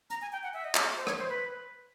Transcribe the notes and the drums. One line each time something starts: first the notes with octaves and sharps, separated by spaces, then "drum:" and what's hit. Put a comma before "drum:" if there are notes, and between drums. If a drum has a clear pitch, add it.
A#5, drum: hi-hat
G#5
G5
F#5
E5
D#5
E5, drum: clap
C5
C#5, drum: rim click
C5
B4